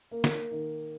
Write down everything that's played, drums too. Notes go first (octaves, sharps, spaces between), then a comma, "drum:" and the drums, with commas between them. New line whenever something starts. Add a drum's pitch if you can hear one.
A#3
drum: snare
D#3